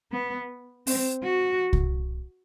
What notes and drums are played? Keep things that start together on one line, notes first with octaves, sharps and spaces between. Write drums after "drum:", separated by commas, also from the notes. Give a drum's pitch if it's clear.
B3
C4, drum: open hi-hat
F#4
drum: kick C2